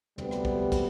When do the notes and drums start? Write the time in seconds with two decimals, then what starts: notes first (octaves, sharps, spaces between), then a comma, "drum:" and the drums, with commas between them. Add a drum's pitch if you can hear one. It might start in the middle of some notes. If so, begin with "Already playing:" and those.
0.18 D2 C3 G3 B3, drum: tom
0.31 drum: rim click
0.45 drum: kick
0.72 drum: kick, cymbal